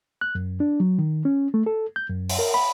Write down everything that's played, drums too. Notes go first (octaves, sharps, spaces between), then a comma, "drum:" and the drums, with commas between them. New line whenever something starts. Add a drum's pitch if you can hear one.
F#6
F#2
D4
F#3
D#3
C#4
A3
A4
G6
F#2
drum: open hi-hat
A#4
B5